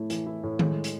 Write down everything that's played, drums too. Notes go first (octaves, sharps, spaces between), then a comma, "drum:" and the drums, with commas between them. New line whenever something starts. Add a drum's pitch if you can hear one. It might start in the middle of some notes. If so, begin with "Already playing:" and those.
Already playing: A2 A3 E4
E3, drum: hi-hat
E4
A2
G#3, drum: tom D#3
drum: hi-hat